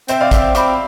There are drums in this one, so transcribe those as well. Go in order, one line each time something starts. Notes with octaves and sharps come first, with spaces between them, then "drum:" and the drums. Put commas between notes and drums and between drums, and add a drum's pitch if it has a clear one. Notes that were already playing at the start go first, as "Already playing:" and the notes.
C4 C5 E5, drum: hi-hat
D5 F5
E5 G5, drum: kick A1, hi-hat
C4 B5 D6, drum: hi-hat